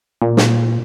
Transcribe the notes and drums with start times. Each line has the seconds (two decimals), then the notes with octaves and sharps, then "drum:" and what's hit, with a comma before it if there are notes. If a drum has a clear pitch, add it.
0.22 A#2
0.37 drum: snare